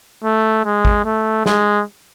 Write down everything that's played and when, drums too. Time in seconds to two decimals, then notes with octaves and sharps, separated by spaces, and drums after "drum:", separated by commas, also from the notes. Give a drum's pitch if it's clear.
0.24 A3
0.65 G#3
0.85 drum: kick
1.05 A3
1.46 G#3, drum: snare